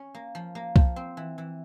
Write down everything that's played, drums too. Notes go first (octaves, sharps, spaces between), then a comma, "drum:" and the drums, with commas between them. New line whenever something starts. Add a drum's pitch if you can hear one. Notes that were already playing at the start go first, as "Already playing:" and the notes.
Already playing: C#4
A#3
F3
A#3
F3, drum: kick C2
C4
E3
E3